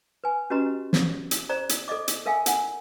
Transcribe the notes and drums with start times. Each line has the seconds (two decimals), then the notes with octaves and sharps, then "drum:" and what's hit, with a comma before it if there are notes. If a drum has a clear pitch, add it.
0.24 B4 G#5
0.50 C#4 F#4 G4 B4 D#5 A#5
0.93 drum: snare
1.31 drum: hi-hat
1.49 G#4 C5 D5 A#5
1.69 drum: hi-hat
1.88 A4 D5 D#5 D6
2.08 drum: hi-hat
2.26 A4 A#4 E5 F5 G5 G#5
2.46 A#4 F#5 G#5, drum: hi-hat